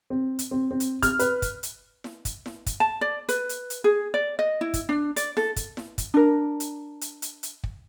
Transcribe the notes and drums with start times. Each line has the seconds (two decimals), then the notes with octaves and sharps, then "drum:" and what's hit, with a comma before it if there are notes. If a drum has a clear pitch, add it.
0.10 C4
0.39 drum: hi-hat
0.51 C4
0.71 C4
0.80 drum: hi-hat
1.02 F6, drum: kick, hi-hat
1.19 B4, drum: hi-hat
1.42 drum: kick, hi-hat
1.63 drum: hi-hat
2.04 drum: snare E4
2.25 drum: kick, hi-hat
2.46 drum: snare E4
2.66 drum: kick, hi-hat
2.80 A5
3.01 D5
3.29 B4, drum: hi-hat
3.49 drum: hi-hat
3.70 drum: hi-hat
3.84 G#4
4.14 D5
4.39 D#5
4.61 E4
4.74 drum: kick, hi-hat
4.89 D4
5.16 D5, drum: hi-hat
5.37 A4, drum: snare E4
5.56 drum: kick, hi-hat
5.77 drum: snare E4
5.98 drum: kick, hi-hat
6.14 D4 A#4
6.60 drum: hi-hat
7.01 drum: hi-hat
7.22 drum: hi-hat
7.43 drum: hi-hat
7.64 drum: kick